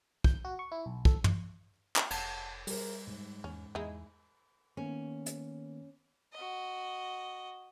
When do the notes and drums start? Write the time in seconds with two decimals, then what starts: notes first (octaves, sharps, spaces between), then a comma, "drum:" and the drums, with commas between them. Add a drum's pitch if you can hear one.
0.24 G6, drum: kick
0.45 F#4
0.59 C#6
0.72 E4
0.86 B1
1.05 A4, drum: kick
1.24 drum: tom
1.96 drum: clap
2.10 F1 F#5 A5, drum: cymbal
2.67 G3 G#4 A#4, drum: open hi-hat
3.07 G#2
3.44 E2 C#4
3.75 E2 G#3 D#4 E4
4.77 D#3 A#3 B3 C#4
5.26 drum: hi-hat
6.33 F#4 D#5